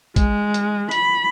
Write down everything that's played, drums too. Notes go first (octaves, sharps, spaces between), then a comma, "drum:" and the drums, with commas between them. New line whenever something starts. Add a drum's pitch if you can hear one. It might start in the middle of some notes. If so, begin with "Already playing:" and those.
G#3, drum: kick, hi-hat
drum: hi-hat
B5, drum: hi-hat